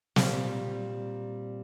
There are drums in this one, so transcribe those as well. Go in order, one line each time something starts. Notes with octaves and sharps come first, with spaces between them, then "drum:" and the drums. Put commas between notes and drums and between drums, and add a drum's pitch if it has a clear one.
A#2 G3 C4, drum: snare